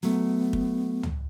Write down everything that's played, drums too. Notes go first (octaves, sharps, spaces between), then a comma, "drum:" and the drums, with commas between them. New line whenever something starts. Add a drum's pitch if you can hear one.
F#3 A3 B3
drum: kick
drum: tom